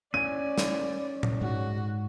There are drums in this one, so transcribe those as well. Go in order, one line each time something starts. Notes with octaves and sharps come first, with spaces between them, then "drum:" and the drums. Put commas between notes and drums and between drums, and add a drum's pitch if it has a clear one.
C#4 D5 G#5 D#7
drum: snare
drum: tom A#2
G#2 G#3 F#4